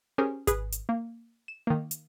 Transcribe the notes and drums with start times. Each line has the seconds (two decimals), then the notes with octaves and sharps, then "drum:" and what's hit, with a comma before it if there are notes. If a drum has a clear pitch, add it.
0.18 C#4 G4 G#4 A#4 C5 G#5
0.47 G#4 B4, drum: kick G#1, hi-hat
0.72 drum: hi-hat
0.89 A#3
1.48 E7
1.67 D#3 A#3
1.91 drum: hi-hat